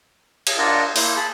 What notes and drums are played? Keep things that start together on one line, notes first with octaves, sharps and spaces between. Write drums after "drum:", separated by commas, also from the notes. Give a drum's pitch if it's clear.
drum: cymbal
D4 F4 A#4 D5 D#5 F#5
A#3 E4 C6 G6, drum: open hi-hat
G#4 A5 B5